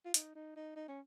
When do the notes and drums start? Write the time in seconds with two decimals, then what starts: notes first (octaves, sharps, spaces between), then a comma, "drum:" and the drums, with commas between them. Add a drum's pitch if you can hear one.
0.05 F4
0.14 D#4, drum: hi-hat
0.35 D#4
0.56 D#4
0.76 D#4
0.88 C#4